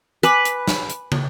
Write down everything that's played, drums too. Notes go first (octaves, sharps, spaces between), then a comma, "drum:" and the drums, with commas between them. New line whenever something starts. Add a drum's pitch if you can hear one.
B4 G#5 D6, drum: hi-hat
drum: hi-hat
drum: snare
drum: hi-hat
drum: tom